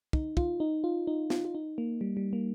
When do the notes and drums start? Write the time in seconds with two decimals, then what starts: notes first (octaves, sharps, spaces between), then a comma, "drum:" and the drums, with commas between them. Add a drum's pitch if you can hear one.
0.13 D#4, drum: kick
0.37 F4, drum: kick
0.60 D#4
0.84 F4
1.07 D#4
1.30 F4, drum: snare
1.45 F4
1.55 D#4
1.78 A#3
2.01 G3
2.17 G3
2.33 A#3